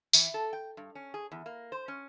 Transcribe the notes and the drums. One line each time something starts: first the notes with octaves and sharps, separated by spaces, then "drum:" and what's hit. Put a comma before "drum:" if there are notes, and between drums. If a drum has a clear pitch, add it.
E3, drum: tambourine
A4
G5
G2
C#4
G#4
E2
A#3
C5
C#4